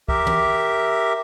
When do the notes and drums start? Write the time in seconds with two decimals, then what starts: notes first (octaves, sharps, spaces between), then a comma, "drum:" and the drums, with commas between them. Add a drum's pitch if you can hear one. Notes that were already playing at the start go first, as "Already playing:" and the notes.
0.09 G4 A#4 E5, drum: kick
0.27 drum: tom